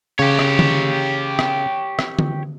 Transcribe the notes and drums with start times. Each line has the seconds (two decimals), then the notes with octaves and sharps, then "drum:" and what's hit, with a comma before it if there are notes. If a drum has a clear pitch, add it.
0.19 C#3 G4 C#5
0.39 drum: rim click
0.59 drum: tom D3
1.39 drum: rim click
1.99 drum: rim click
2.19 drum: tom D3